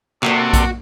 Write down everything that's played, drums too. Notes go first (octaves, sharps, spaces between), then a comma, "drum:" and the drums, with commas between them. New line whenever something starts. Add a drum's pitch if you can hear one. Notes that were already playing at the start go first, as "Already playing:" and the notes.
C3 A#3 F#4 A4 D5, drum: clap
drum: kick A#1, hi-hat